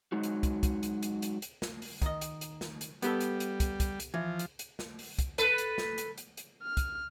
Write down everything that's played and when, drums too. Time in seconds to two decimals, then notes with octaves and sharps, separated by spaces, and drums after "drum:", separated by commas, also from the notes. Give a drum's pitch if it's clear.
0.12 F#3 G#3 D#4 F#4
0.23 drum: hi-hat
0.43 drum: kick, hi-hat
0.63 drum: kick, hi-hat
0.83 drum: hi-hat
1.03 drum: hi-hat
1.22 drum: hi-hat
1.42 drum: hi-hat
1.62 drum: snare
1.82 drum: open hi-hat
2.02 D#3 D#5, drum: kick, hi-hat
2.21 drum: hi-hat
2.41 drum: hi-hat
2.61 drum: snare
2.81 drum: hi-hat
3.02 G3 B3 G4 A4, drum: hi-hat
3.20 drum: hi-hat
3.40 drum: hi-hat
3.60 drum: kick, hi-hat
3.80 drum: kick, hi-hat
4.00 drum: hi-hat
4.14 E3 F3
4.39 drum: hi-hat
4.59 drum: hi-hat
4.79 drum: snare
4.99 drum: open hi-hat
5.19 drum: kick, hi-hat
5.38 A4 B4, drum: hi-hat
5.58 drum: hi-hat
5.78 drum: snare
5.98 drum: hi-hat
6.18 drum: hi-hat
6.37 drum: hi-hat
6.63 F6
6.77 drum: kick, hi-hat